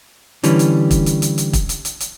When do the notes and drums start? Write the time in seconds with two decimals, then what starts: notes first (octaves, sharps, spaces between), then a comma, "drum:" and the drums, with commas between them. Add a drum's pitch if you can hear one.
0.43 D3 E3 G3 C#4, drum: hi-hat
0.59 drum: hi-hat
0.91 drum: kick, hi-hat
1.06 drum: hi-hat
1.22 drum: hi-hat
1.38 drum: hi-hat
1.53 drum: kick, hi-hat
1.69 drum: hi-hat
1.85 drum: hi-hat
2.00 drum: hi-hat